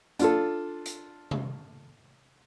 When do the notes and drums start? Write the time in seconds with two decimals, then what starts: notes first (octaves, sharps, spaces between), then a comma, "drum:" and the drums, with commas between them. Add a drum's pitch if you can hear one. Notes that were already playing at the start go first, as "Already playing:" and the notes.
0.19 D4 F4 A4, drum: hi-hat
0.86 drum: hi-hat
1.31 drum: tom C3